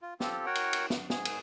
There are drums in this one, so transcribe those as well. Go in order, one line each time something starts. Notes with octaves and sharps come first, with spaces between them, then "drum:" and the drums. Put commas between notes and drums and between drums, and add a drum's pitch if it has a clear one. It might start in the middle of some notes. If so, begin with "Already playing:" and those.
F4
C4 F4 G4 A4, drum: snare
F#4 A#4 C#5 F#5 G5
drum: cymbal
drum: cymbal
drum: snare
G#2 G#4, drum: snare
drum: cymbal